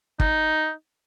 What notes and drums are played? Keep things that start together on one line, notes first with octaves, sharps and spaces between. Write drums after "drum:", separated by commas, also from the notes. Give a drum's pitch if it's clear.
D#4, drum: kick